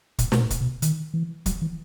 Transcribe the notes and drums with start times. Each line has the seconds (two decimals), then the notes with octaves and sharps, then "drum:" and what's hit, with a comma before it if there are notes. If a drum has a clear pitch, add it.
0.19 A#2, drum: kick, hi-hat
0.32 B2, drum: snare
0.40 A#2
0.50 drum: kick, hi-hat
0.61 B2
0.82 D#3, drum: hi-hat
1.14 E3
1.46 F#3, drum: kick, hi-hat
1.62 E3